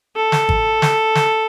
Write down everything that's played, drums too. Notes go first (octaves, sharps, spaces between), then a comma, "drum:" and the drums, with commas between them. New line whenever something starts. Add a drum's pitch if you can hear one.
A4
drum: snare
drum: kick G#1
drum: snare
drum: snare